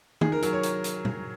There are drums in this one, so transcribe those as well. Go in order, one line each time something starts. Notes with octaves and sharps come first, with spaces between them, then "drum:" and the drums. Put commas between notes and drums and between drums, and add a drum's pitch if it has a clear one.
D#3 G#4, drum: tom D#3
A#4
F#3 A#4, drum: hi-hat
C#5
drum: hi-hat
drum: hi-hat
drum: tom A#2